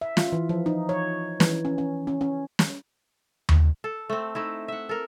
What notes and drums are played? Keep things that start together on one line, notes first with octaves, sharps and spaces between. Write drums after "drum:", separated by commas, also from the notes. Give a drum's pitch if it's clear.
E5
F4, drum: snare
E3
F3
D#4
C#5
E3, drum: snare
C#4
C#4
C#4
C#4
drum: snare
drum: tom D#2
A4
A3 C4
A3 D#4 E4
E5 F#5
A4 A#4